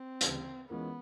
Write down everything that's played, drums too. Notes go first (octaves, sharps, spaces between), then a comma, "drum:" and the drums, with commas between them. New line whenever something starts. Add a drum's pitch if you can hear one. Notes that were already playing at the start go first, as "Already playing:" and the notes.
Already playing: C4
D2 C#3 E3 G3, drum: hi-hat
E3 G#3 B3 C#4 F4 A#4